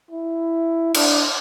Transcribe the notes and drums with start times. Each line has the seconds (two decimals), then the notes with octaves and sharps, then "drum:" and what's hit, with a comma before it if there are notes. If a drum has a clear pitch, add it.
0.11 E4
0.94 D4, drum: cymbal